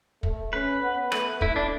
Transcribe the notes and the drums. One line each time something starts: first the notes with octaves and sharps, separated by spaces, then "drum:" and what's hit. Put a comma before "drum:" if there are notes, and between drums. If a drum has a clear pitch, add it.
A3, drum: kick
C#4 B4
B3
A3 B4, drum: rim click
A3 E4, drum: kick
D4